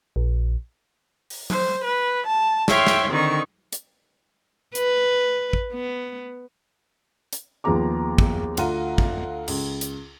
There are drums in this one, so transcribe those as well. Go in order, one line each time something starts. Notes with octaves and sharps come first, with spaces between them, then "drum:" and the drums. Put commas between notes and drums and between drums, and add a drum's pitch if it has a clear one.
A#1
drum: open hi-hat
C5, drum: tom F#3
B4
A5
C#5 E5 F5 G5 C6, drum: snare
drum: snare
D3 D#3 C4 D#4 C#6
drum: hi-hat
B4, drum: hi-hat
drum: kick
B3
drum: hi-hat
D#2 F3 B3 G#4 A#5 D6
drum: kick
D2 F4 F5 F#5 A#5 D#7, drum: cymbal
drum: kick
C#2, drum: cymbal
drum: hi-hat